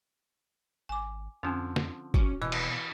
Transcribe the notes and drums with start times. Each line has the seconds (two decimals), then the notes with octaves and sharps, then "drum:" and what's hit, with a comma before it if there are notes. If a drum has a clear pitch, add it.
0.89 G#1 G#5 D6
1.43 F2 D3 F3 C4 C#4
1.76 drum: snare
2.14 D#1 C#4 F#4, drum: kick G1
2.42 D#2 B2 E3 D#5
2.52 drum: cymbal